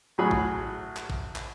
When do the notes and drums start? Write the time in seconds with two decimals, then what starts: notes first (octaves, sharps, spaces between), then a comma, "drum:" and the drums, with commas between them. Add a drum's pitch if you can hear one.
0.18 A1 A2 F#3 G#4 B5 F#6
0.31 drum: kick A1
0.97 drum: clap
1.10 drum: kick A1
1.36 drum: clap